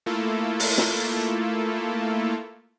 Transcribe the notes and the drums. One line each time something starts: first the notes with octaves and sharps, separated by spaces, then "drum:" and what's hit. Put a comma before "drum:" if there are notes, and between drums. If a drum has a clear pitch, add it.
A3 A#3 E4 F4 A4
drum: open hi-hat
drum: snare